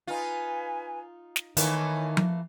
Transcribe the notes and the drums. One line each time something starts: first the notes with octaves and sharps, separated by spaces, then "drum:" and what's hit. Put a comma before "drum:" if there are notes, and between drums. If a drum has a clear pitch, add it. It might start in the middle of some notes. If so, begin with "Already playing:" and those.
D#4 F4 B4 G#5
drum: snare
D#3 E3 A3 A#3 E4 C#5 G#5, drum: hi-hat
drum: tom F3